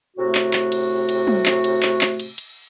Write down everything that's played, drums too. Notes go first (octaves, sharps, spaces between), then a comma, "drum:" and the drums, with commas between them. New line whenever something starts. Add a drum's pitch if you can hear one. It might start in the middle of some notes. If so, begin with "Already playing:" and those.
A2 C3 A3 F#4
drum: clap
drum: clap
drum: cymbal
drum: cymbal
drum: tom
drum: clap
drum: cymbal
drum: clap
drum: clap
drum: cymbal
drum: cymbal